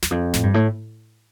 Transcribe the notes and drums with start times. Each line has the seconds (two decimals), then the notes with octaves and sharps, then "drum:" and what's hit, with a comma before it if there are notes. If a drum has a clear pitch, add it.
0.03 E2, drum: snare
0.11 F2
0.34 A2, drum: snare
0.43 G2
0.54 A2